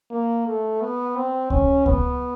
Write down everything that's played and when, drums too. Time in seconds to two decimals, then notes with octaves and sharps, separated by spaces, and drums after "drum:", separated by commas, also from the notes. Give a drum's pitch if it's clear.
0.11 A#3
0.46 A3
0.81 B3
1.16 C4
1.50 C#4, drum: kick C#2
1.86 B3, drum: kick C#2